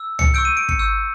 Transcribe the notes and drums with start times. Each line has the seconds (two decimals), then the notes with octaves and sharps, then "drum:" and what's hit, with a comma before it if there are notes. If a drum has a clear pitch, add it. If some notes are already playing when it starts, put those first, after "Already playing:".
Already playing: E6
0.19 C#7, drum: tom C2
0.34 C#6 E6 G6 D7
0.45 D#7
0.57 D7
0.69 C#7, drum: kick
0.79 C#6 E6 G6